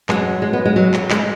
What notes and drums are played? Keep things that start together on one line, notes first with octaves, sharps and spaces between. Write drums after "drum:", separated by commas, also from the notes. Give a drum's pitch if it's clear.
F#2 F#3 G#3, drum: clap
G#3
B3
G#3
F#3
drum: clap
G#3, drum: clap